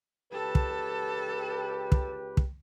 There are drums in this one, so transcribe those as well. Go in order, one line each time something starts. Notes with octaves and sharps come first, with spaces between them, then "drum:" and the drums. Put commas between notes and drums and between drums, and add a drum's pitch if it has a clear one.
C#2 G4 A4 B4 A5
drum: kick
drum: kick
drum: kick